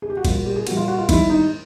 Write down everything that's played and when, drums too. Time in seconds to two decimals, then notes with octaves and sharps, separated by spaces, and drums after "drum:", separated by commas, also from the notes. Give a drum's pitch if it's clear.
0.02 G#4
0.10 G4
0.17 F#4
0.25 A#2 G3 F4, drum: kick G#1, cymbal
0.35 F#4
0.46 G4
0.56 G#4
0.67 A#2 G3 F#4, drum: cymbal
0.77 F4
0.88 F#4
0.98 F4
1.09 G#2 D#3 G3 E4, drum: kick G#1, cymbal
1.30 D#4